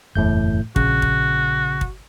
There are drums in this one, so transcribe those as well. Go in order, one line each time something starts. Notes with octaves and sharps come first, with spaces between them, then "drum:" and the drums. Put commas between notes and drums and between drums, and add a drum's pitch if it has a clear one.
F#1 E2 A2 A3 G6
A#1 C#3 F#4, drum: kick
drum: kick
drum: kick